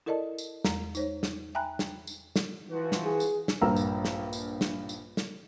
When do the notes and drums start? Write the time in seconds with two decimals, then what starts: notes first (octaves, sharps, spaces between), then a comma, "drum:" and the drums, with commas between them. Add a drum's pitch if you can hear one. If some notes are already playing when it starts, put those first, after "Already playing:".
0.06 E4 A4 A#4 D5 D#5 A5
0.38 drum: tambourine
0.64 E2 G#3 A#5, drum: snare
0.95 D#4 C5 C#5, drum: tambourine
1.23 drum: snare
1.55 E5 G5 G#5 A#5 B5 F#6
1.79 drum: snare
2.07 drum: tambourine
2.36 drum: snare
2.70 E3 F3 F#4
2.92 drum: snare
3.05 G#4
3.20 drum: tambourine
3.48 drum: snare
3.61 A#1 G2 A#4 A#5 E6
3.76 drum: tambourine
4.05 drum: snare
4.33 drum: tambourine
4.61 drum: snare
4.89 drum: tambourine
5.17 drum: snare